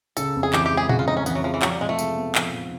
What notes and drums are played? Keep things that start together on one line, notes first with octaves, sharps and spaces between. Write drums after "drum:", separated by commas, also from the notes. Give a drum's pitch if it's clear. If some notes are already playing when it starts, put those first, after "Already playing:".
C#3 A4, drum: tambourine
F2
G#4
E3 G4, drum: clap
G4
G#3
G#4
C#3 F#4, drum: tom A#2
F4
F2 D#4
C#4
E3 B3, drum: tambourine
F#3
F3 G#3
E3
F3 F#3, drum: clap
G3
C3 G#3
A3
G#3, drum: tambourine
B3
F3, drum: clap
C3